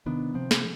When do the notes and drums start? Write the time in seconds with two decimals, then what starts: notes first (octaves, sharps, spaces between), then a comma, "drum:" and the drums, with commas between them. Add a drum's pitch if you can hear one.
0.06 C3 D#3 B3 D4
0.34 C3 F3 C4
0.51 drum: snare